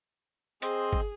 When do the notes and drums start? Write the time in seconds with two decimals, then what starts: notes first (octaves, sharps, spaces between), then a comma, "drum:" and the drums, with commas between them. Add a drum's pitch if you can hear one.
0.62 C4 G#4 C5 D#5, drum: hi-hat
0.93 drum: kick G1